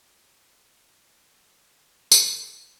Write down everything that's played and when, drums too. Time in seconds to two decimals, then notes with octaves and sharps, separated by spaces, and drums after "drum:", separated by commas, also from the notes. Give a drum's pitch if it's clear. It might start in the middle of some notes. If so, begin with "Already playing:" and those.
0.12 F4 C#5 F#5
2.12 drum: tambourine